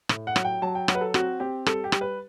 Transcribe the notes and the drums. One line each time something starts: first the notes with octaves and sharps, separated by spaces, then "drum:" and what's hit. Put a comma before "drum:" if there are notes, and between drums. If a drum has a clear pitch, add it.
A2, drum: rim click
F#5
F#3, drum: rim click
G5
F#3 A5
G5
F#3 F#5, drum: rim click
B4
A4
C4 F#4, drum: rim click
C4 G4
G3 A4, drum: rim click
G4
G3, drum: rim click
B4